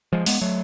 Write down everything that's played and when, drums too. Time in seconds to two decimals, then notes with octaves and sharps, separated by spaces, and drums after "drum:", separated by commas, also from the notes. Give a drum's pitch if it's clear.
0.13 F3 G#3
0.26 G#3 B3, drum: open hi-hat
0.41 F#3 A3